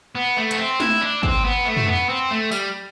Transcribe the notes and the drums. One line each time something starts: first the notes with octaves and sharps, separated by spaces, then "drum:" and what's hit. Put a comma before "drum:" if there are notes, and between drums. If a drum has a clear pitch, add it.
B3
A3
B3, drum: hi-hat
C4
E4, drum: snare
D4
C4, drum: kick
B3
A3
drum: tom
B3
C4
A3
G3, drum: tambourine